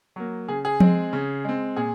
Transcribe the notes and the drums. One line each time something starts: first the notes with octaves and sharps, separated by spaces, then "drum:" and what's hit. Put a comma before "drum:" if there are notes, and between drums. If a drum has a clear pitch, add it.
F#3 A#3
C#3 G#4
G#4
G#3 C4, drum: tom F3
C#3
G#3 C4
A#2 G#4